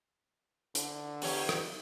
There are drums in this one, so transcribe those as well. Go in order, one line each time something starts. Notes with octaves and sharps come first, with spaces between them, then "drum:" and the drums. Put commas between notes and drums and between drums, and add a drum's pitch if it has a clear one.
D3, drum: hi-hat
E2 G4 C#5, drum: open hi-hat
drum: rim click